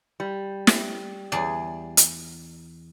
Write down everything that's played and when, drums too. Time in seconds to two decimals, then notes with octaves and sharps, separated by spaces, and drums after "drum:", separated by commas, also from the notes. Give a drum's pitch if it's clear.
0.20 G3
0.67 drum: snare
1.32 E2 G#4 D5
1.97 drum: hi-hat